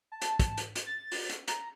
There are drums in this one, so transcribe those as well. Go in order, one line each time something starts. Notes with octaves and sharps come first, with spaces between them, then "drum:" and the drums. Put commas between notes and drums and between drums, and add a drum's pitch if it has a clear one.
A5
drum: hi-hat
drum: kick, hi-hat
drum: hi-hat
drum: hi-hat
A6
drum: open hi-hat
drum: hi-hat
A#5, drum: hi-hat